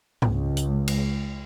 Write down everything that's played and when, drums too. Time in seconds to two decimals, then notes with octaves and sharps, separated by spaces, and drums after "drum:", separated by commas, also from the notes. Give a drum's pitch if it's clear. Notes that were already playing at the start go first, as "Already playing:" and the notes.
0.22 C#2, drum: tom G#2
0.57 drum: hi-hat
0.88 drum: cymbal